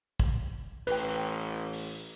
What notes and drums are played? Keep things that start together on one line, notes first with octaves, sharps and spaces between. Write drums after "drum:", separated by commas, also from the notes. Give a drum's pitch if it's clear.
drum: kick
A1 B4 G5, drum: cymbal
drum: open hi-hat